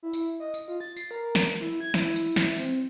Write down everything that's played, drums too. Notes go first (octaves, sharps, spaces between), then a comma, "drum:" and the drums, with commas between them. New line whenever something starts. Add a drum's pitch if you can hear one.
E4
drum: tambourine
D#5
drum: tambourine
F4
A6
C7, drum: tambourine
A#4
drum: snare
E4
G#6
E4, drum: snare
drum: tambourine
drum: snare
C4, drum: tambourine